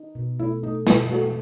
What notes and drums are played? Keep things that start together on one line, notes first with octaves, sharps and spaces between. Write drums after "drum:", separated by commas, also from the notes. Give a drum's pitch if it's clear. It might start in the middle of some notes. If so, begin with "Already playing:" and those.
Already playing: D#4
B2
A3 E4
A3 D#4
B2 E4, drum: snare
A3 F#4 A4